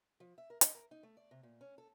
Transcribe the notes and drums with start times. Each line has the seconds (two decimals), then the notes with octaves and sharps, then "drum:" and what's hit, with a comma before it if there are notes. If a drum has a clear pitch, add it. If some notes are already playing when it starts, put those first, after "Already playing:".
0.20 F3
0.38 E5
0.50 A#4
0.61 D#5, drum: hi-hat
0.75 A#4
0.91 D#4
1.03 A3
1.17 D5
1.31 C3
1.43 A#2
1.61 C#4
1.78 A4